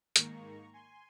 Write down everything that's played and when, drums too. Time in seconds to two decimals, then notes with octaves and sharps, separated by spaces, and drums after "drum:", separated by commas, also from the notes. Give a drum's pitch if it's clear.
0.16 G#2 D#3 A#3 A#5 C#6, drum: hi-hat
0.73 G#5 C6